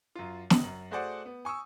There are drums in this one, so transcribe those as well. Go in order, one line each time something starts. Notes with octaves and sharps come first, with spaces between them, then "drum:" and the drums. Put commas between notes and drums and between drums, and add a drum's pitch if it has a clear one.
F#2 F4
G1 C#3 F#7, drum: snare
F#2
A3 F#4 G#4 C5 D5 F#5
B3
G#5 C#6 D#6 E6